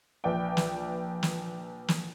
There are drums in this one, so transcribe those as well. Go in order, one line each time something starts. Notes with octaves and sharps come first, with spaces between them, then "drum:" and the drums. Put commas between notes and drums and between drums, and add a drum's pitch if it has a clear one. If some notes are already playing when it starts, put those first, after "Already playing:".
A#1 B4 D5 G5
drum: snare
drum: snare
drum: snare